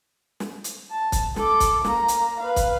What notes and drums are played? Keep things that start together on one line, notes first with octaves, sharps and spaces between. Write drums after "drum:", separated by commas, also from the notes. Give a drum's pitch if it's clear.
drum: snare
drum: hi-hat
A5
drum: kick, hi-hat
A4 D6, drum: snare
drum: kick, hi-hat
A#3 A#5, drum: snare
drum: hi-hat
B4 F5
drum: kick, hi-hat